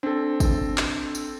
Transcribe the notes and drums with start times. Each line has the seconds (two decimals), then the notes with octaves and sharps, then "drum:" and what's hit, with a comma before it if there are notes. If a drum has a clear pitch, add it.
0.03 C4 D4 A4
0.40 drum: kick, tambourine
0.78 drum: clap
1.15 drum: tambourine